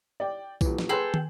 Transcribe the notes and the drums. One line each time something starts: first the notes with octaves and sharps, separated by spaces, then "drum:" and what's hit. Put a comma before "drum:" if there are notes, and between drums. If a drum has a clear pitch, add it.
D5 G5
D#1 E3, drum: kick B1, tambourine
drum: snare
G#4 A4 B4 G5 C6 F#7
drum: tom